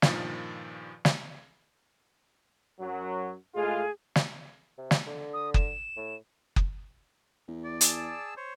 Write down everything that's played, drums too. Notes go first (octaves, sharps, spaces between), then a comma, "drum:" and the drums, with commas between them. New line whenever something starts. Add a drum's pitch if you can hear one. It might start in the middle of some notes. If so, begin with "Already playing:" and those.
G2 A#2 D#3 F3, drum: snare
drum: snare
F#2 F#3
A2 G#3 F4 G#4
drum: snare
C3
drum: snare
D3
D#6
E7, drum: kick F#1
A2
drum: kick F#1
E2
D5
G#4 A5 E6, drum: hi-hat
C5 C#5